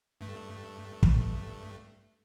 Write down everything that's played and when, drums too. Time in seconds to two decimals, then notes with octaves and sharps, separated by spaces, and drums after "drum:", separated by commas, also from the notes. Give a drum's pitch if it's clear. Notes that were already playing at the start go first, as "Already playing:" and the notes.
0.21 G2 A3
1.03 drum: kick